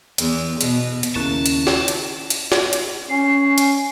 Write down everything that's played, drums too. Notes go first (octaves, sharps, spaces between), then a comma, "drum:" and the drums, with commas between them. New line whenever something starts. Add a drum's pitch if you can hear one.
E2, drum: hi-hat
B2, drum: hi-hat
drum: hi-hat
D#2 C#3 A#3 C#4 E4 A5 F#6
drum: hi-hat
drum: snare
drum: hi-hat
drum: hi-hat
drum: snare
drum: hi-hat
C#4 C7
drum: hi-hat